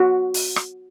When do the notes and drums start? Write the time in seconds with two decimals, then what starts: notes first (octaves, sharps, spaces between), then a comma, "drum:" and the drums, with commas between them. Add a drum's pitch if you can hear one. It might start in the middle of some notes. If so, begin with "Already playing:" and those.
Already playing: F#4
0.34 drum: open hi-hat
0.56 drum: rim click